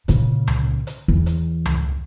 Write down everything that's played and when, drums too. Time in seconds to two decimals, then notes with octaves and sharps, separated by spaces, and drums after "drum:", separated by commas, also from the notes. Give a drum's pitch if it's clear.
0.08 A#2 C#3, drum: hi-hat
0.48 drum: tom C#2
0.87 drum: hi-hat
1.08 E2
1.26 drum: hi-hat
1.66 drum: tom C#2